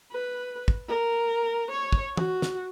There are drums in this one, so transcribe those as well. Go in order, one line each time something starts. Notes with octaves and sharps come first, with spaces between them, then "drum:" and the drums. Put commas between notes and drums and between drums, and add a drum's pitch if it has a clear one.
B4
drum: kick
A#4
C#5
drum: kick
F#4, drum: tom
drum: snare